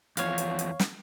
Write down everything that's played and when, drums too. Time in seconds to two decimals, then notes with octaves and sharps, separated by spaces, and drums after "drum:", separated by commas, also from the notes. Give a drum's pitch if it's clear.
0.17 E2 F3 C#5 F5, drum: hi-hat
0.38 drum: hi-hat
0.59 drum: hi-hat
0.80 drum: snare